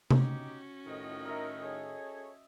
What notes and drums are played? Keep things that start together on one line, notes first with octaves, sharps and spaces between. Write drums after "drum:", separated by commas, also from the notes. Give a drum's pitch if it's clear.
C#4 D#4 F#4 G4, drum: tom C3
C2 F2 A2 D#3 D#5
A#4 D#5 E5
G#4 A4 C#5